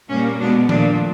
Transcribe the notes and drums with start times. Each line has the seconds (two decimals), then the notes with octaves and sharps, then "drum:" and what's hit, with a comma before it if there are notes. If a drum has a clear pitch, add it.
0.10 A#2 G3 A#3 C#4
0.40 B2 G#3 B3 D4
0.69 A#2 F3 A3 D4, drum: tom D#3